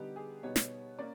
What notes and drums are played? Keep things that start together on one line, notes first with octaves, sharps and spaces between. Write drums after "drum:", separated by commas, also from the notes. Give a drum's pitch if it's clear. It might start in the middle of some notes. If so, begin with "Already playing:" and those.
Already playing: D3 G3 B3 D#4 G4
G#4
B2 G3 B3 D#4 C#5
drum: snare
A#3 C#4 D5